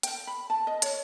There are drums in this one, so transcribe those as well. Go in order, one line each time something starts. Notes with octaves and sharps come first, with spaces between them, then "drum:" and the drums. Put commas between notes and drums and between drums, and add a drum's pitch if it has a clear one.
G5, drum: hi-hat
B5
A5
D#5
C#5, drum: hi-hat